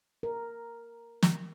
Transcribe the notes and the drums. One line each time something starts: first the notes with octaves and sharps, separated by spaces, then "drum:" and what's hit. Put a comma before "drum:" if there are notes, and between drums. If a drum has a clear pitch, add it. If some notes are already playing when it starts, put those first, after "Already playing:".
A#4
drum: snare